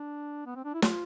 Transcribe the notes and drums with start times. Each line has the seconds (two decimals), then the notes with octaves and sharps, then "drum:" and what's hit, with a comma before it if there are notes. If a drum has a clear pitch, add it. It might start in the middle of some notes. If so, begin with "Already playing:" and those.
Already playing: D4
0.46 B3
0.55 C4
0.64 D4
0.74 E4
0.82 F4, drum: snare